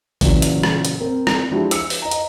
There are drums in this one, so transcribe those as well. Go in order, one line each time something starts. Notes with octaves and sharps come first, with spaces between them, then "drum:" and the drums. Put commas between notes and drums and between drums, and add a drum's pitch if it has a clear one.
A#2 C#3 E3 F#3 F#4, drum: kick, open hi-hat
drum: hi-hat
drum: rim click
drum: hi-hat
C4 A#4
drum: rim click
F3 G#3 D4 E4 F#4 G4
E6 C#7, drum: hi-hat
drum: open hi-hat
D#5 A#5
drum: hi-hat